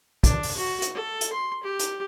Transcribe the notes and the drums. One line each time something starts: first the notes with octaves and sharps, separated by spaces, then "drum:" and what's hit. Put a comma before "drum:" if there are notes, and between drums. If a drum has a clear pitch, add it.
D4, drum: kick, hi-hat
drum: open hi-hat
F#4
drum: hi-hat
A4
drum: hi-hat
C6
G4
drum: hi-hat